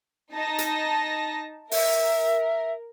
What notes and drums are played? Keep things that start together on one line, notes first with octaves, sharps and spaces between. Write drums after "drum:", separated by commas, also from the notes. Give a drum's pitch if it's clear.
D#4 A5 A#6
drum: hi-hat
A#4 E5, drum: open hi-hat